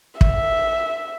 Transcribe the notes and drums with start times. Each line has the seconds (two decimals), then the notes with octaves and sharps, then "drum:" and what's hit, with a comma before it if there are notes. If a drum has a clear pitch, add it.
0.21 E5, drum: kick